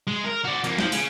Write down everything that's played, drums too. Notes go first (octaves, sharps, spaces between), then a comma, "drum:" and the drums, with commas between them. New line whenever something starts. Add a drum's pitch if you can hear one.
G#3
A#4
F#4 D5
F2 A#3, drum: hi-hat
F3, drum: snare
C#3, drum: open hi-hat